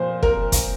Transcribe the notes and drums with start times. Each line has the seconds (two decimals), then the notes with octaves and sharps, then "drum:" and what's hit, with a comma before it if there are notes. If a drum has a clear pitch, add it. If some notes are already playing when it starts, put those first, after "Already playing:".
Already playing: A#2 F3 C5
0.23 A#4, drum: kick
0.52 drum: kick, hi-hat